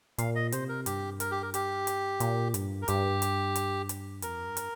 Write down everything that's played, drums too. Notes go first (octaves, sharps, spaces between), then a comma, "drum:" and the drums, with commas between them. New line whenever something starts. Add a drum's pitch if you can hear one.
A#2 F5, drum: hi-hat
D#5
C3 C5, drum: hi-hat
A#4
G2 G4, drum: hi-hat
A#4, drum: hi-hat
G4
A#4
G4, drum: hi-hat
drum: hi-hat
A#2, drum: hi-hat
G2, drum: hi-hat
A#4
G2 G4, drum: hi-hat
drum: hi-hat
drum: hi-hat
drum: hi-hat
F2 A#4, drum: hi-hat
G2
drum: hi-hat